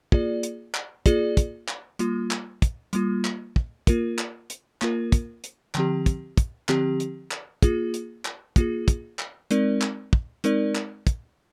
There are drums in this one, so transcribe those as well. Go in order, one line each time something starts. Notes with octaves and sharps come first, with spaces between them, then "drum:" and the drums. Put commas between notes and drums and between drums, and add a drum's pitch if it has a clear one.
A#3 F4 G#4 D5, drum: kick
drum: hi-hat
drum: clap
A#3 F4 G#4 D5, drum: kick, hi-hat
drum: kick, hi-hat
drum: clap
G3 A#3 F4, drum: hi-hat
drum: clap
drum: kick, hi-hat
G3 A#3 F4, drum: hi-hat
drum: clap
drum: kick
A#3 F4 A#4, drum: kick, hi-hat
drum: clap
drum: hi-hat
A#3 F4 A#4, drum: clap
drum: kick, hi-hat
drum: hi-hat
D3 F3 C4 G4, drum: clap
drum: kick, hi-hat
drum: kick, hi-hat
D3 F3 C4 G4, drum: clap
drum: hi-hat
drum: clap
A#3 F4 G#4, drum: kick, hi-hat
drum: hi-hat
drum: clap
A#3 F4 G#4, drum: kick, hi-hat
drum: kick, hi-hat
drum: clap
G#3 C4 D#4 A#4 D5, drum: hi-hat
drum: clap
drum: kick
G#3 C4 D#4 A#4 D5, drum: hi-hat
drum: clap
drum: kick, hi-hat